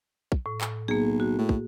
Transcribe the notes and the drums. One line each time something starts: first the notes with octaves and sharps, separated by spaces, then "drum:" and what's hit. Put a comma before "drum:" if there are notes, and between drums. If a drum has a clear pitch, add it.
drum: kick
A2
drum: clap
B1 A#3 G#4
F#4
A2
drum: kick